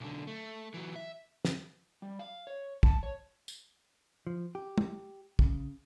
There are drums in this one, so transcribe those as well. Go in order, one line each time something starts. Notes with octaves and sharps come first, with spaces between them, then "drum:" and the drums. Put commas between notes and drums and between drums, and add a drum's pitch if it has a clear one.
B1 D3
A3
E3 F#3
E5
drum: snare
G3
F5
C#5
A5, drum: kick
C#5
drum: tambourine
F3
G4
drum: tom
C#3, drum: kick